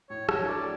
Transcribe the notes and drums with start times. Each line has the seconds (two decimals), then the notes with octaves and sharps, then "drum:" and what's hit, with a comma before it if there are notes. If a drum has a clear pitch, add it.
0.10 A2 C#5
0.29 C#5, drum: rim click
0.39 F#3 A3 D4 A4
0.49 D5